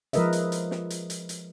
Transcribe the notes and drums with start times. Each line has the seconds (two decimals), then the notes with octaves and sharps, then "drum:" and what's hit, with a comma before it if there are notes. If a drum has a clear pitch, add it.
0.13 F3 G#3 A#4 B4 D#5 E5, drum: hi-hat
0.33 drum: hi-hat
0.52 drum: hi-hat
0.71 drum: snare
0.90 drum: hi-hat
1.10 drum: hi-hat
1.29 drum: hi-hat